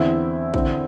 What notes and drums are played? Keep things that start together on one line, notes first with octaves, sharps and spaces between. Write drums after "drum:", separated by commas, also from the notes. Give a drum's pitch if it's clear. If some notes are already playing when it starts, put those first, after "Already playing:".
Already playing: E2 D3 C4 E4
D3 C4 E4, drum: kick